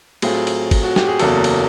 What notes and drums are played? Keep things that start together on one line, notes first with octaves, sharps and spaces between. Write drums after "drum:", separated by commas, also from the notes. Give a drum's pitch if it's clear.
A2 F#3 A3 C4 F4 G#4, drum: cymbal
drum: cymbal
drum: kick G1, cymbal
F#4
G4, drum: snare
G#4
F#1 E2 C#3 F#3 A#3 A4, drum: cymbal
drum: cymbal